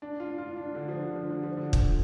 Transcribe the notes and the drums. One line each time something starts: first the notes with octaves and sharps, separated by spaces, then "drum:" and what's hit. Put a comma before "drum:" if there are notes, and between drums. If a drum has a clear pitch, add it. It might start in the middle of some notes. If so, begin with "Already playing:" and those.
D4
F4
F4
D4
D3
F3
D3
F3
D3
F3
D3
drum: kick